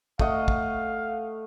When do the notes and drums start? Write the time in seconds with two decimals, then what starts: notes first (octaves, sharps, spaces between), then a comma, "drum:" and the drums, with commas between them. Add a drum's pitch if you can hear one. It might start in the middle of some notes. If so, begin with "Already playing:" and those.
0.19 A3 D#5 F5 F#5, drum: kick
0.48 drum: kick